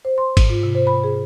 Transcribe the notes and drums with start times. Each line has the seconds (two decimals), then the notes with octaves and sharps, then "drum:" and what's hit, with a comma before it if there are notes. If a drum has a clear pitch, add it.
0.05 C5
0.18 C6
0.37 G#2, drum: kick G#1, cymbal
0.50 F4
0.63 C3
0.75 C5
0.87 B5
1.04 G#4